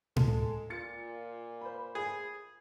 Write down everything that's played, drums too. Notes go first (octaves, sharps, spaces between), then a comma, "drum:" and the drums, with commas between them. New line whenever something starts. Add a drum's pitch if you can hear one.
G#3 A4, drum: tom A2
A#2 F4 A6 C#7
C5 B5
G#4